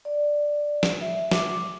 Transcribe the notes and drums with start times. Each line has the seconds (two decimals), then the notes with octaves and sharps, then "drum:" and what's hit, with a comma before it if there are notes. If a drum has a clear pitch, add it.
0.05 D5
0.83 drum: snare
1.01 E5
1.31 D6, drum: snare